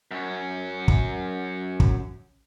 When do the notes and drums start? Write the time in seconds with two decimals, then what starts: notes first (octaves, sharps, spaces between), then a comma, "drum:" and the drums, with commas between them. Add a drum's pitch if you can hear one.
0.11 F#2 C#4
0.88 drum: kick
1.80 drum: kick